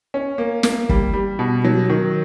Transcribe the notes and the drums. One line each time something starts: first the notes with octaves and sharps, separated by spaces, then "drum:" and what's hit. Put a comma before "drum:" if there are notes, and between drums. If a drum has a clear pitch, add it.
C#4
A#3
A#3, drum: snare
G3, drum: kick
G3
B2
F#3
D#3